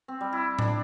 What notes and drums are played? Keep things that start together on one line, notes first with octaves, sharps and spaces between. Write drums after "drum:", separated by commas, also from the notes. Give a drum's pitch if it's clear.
C4
G3
E4
D4, drum: tom A2